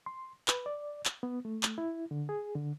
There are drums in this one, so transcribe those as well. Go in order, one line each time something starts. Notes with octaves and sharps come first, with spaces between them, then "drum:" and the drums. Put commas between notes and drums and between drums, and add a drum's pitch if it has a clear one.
C6
B4, drum: clap
D5
drum: clap
B3
A3
drum: clap
E4
D3
G#4
D3